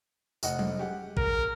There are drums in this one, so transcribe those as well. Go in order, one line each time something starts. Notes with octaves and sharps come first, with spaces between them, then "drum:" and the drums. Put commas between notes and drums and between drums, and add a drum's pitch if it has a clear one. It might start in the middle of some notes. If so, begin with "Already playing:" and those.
F1 D#5 F#5, drum: tambourine
drum: tom F#3
G4 G#4 F#5
A#4, drum: kick